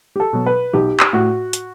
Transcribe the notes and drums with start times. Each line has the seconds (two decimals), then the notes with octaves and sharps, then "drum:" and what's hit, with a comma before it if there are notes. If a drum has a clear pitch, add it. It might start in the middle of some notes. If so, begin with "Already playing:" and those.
0.16 G4
0.20 A4
0.33 B2 F#3
0.46 B4
0.73 B1 G4
1.00 drum: clap
1.13 A2 F#4
1.53 drum: hi-hat